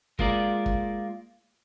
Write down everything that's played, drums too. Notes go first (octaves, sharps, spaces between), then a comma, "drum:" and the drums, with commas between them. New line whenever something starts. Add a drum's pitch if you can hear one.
G#3 A#3 F4 A#4 D5, drum: kick
drum: kick